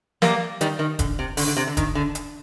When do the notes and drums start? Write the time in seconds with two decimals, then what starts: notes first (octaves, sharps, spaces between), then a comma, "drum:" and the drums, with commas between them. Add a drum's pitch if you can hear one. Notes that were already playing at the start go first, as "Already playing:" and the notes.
0.22 G3 A#3, drum: snare
0.61 D#3 G3, drum: hi-hat
0.79 D#3
0.99 D3, drum: kick E1, hi-hat
1.19 C3
1.37 D3, drum: open hi-hat
1.47 D3
1.57 C3
1.67 D3
1.77 D#3, drum: kick E1, hi-hat
1.95 D3
2.15 drum: hi-hat